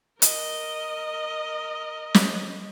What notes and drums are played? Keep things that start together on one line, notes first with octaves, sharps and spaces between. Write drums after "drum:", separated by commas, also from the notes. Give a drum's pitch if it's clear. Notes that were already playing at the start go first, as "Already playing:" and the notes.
A#4 D#5, drum: hi-hat
drum: snare